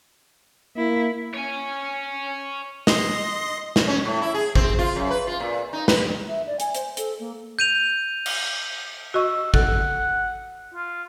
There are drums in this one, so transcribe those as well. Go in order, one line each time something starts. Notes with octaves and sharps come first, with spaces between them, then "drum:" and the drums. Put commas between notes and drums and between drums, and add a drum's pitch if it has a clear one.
A#3 E4
C#5 G#5
D#5 C6, drum: snare
drum: snare
C#4
A2
E4
G#4
C4, drum: kick G#1
F4
F#2
B4
F4
A#2
D#4
B4, drum: snare
E5
D5
G#5, drum: hi-hat
C5, drum: hi-hat
A4, drum: hi-hat
A#3
G6 D#7 F7
drum: cymbal
F#4 D#5 C#6 E6
A4 F#5, drum: kick G#1
F4